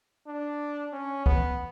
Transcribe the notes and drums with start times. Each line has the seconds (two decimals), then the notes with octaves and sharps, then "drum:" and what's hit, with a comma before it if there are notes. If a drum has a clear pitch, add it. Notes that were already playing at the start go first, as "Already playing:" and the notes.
0.27 D4
0.93 C#4
1.26 B3, drum: kick C2